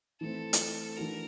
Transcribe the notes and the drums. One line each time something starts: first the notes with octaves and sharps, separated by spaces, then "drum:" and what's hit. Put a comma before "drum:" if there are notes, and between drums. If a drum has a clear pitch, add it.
E3 A3 C4 A4
drum: hi-hat
E3 A3 D4 F#4 A#4